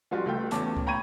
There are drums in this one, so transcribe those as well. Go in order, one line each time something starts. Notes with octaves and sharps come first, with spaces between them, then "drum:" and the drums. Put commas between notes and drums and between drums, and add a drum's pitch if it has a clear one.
F3 G3 G#3 F4 F#4
C#2 G3 A3 F4 G5
E2 A3 C#4 A5 D6, drum: hi-hat
drum: kick C#2
G5 A#5 B5 C#6 G#6 D#7